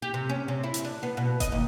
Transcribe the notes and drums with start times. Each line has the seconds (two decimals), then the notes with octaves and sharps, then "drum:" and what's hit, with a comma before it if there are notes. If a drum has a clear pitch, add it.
0.02 G4
0.14 C3
0.29 C#4
0.48 C3
0.63 E4
0.74 drum: hi-hat
0.85 D4
1.03 B3
1.17 B2
1.40 D#5, drum: kick F1, hi-hat
1.52 D#2